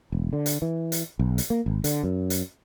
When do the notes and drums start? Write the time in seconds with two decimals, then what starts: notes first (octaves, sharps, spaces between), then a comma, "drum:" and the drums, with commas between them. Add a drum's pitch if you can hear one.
0.12 E1
0.33 D3
0.46 drum: hi-hat
0.62 E3
0.92 drum: hi-hat
1.19 B1
1.38 drum: hi-hat
1.50 A#3
1.66 G#1
1.84 D3, drum: hi-hat
2.04 F#2
2.30 drum: hi-hat